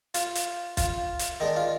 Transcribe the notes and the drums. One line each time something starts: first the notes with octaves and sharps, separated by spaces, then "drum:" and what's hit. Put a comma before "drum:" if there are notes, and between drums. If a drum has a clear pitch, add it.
F4, drum: hi-hat
drum: hi-hat
F4, drum: kick, hi-hat
drum: hi-hat
D#3 G#3 D4 D#4
F4